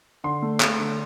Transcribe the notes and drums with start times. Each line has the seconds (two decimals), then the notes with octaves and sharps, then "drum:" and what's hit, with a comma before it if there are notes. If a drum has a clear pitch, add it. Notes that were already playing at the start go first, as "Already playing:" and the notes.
0.24 D3 C6
0.42 A3
0.60 A3, drum: clap
0.79 D3